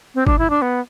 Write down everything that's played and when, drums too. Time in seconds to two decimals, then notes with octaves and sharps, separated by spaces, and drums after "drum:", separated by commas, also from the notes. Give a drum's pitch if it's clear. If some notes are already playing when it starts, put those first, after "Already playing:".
0.15 C4
0.27 D4, drum: kick
0.39 E4
0.50 D4
0.62 B3